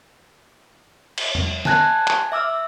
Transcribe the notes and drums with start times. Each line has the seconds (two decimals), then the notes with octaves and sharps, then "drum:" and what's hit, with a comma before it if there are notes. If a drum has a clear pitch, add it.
1.18 drum: cymbal
1.35 drum: tom E2
1.65 G#5 A5 F#6 G#6 A#6, drum: snare
2.08 drum: clap
2.32 E5 D6 E6 F6